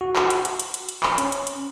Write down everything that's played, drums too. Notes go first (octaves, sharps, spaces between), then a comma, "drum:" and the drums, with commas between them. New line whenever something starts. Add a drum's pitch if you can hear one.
F#4
drum: clap
drum: hi-hat
drum: hi-hat
drum: hi-hat
drum: hi-hat
drum: hi-hat
drum: clap
C#4, drum: hi-hat
drum: hi-hat
drum: hi-hat